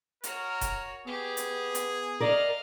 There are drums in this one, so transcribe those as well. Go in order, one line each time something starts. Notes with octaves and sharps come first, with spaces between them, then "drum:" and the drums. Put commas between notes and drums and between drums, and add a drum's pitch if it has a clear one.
F#4 A#4 C#5, drum: hi-hat
drum: kick E1, hi-hat
B3 G4 G#4
drum: hi-hat
drum: hi-hat
A#4 D5 D#5 F5